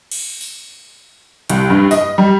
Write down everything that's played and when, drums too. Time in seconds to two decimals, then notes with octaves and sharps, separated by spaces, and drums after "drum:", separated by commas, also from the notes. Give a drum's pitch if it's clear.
0.11 drum: cymbal
0.41 drum: open hi-hat
1.50 C2, drum: hi-hat
1.70 G2
1.91 D#5, drum: open hi-hat
2.18 G3